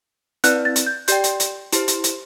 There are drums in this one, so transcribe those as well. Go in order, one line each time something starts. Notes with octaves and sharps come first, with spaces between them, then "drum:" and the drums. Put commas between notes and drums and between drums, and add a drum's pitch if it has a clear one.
C4 E4 B4 D5 F#5 F#6, drum: hi-hat
A6
drum: hi-hat
G6
G4 D5 G5 G6, drum: hi-hat
drum: hi-hat
drum: hi-hat
E4 G4 C5, drum: hi-hat
drum: hi-hat
drum: hi-hat